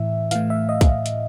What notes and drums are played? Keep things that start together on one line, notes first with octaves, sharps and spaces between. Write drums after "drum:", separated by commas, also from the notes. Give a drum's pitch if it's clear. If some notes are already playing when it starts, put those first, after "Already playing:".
Already playing: A2 E3 E5
A2 E3 F5, drum: hi-hat
E5
D#5
drum: kick, hi-hat
drum: hi-hat